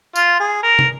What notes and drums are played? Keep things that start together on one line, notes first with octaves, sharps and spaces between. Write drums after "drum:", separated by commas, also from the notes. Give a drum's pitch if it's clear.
F4, drum: tambourine
G#4
A#4
drum: tom